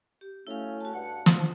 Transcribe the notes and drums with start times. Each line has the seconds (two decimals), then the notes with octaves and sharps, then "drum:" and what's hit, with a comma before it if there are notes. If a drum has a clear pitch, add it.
0.21 G4
0.47 F#3 A3 C#4 E4 F5
0.80 F#4 A5
0.93 G2 F#5
1.26 F3 F4 C5, drum: snare